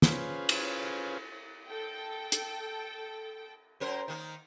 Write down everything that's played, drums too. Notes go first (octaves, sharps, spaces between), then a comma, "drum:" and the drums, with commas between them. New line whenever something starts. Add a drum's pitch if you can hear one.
C#4 F4 G#4 B4 C5, drum: snare
drum: cymbal
A4 G5
drum: hi-hat
F#2 A#4 C5
D#3 A#3